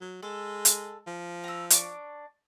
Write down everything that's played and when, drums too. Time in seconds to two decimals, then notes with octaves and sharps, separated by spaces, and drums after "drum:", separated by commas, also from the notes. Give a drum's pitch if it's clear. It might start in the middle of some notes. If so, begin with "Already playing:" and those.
0.01 F#3
0.23 G#3 A4
0.65 drum: hi-hat
1.07 F3
1.44 A#5 E6
1.70 D4 C#6 D6, drum: hi-hat